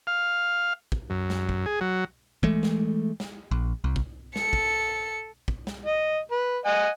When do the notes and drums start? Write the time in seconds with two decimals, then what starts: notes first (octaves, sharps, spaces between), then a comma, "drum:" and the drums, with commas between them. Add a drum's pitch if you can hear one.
0.07 F5
0.92 drum: kick
1.10 F#2
1.30 drum: snare
1.49 drum: kick
1.66 G#4
1.81 F#3
2.43 E3 G#3 A3, drum: kick
2.63 drum: snare
3.20 drum: snare
3.51 A#1
3.84 C2
3.96 drum: kick
4.36 A4 C#7, drum: snare
4.53 drum: kick
5.48 drum: kick
5.67 drum: snare
5.86 D#5
6.32 B4
6.65 D#5 F#5 G#5